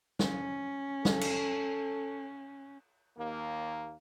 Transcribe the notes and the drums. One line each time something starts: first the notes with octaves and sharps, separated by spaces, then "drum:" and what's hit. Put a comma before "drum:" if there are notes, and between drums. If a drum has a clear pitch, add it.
C#4, drum: snare
A4, drum: snare
drum: cymbal
D#2 A#3